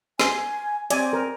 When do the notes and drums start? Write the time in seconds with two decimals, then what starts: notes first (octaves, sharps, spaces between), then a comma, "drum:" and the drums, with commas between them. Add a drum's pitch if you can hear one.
0.20 G#5 C6, drum: snare
0.90 C4 D5 G#5, drum: hi-hat
1.13 A#4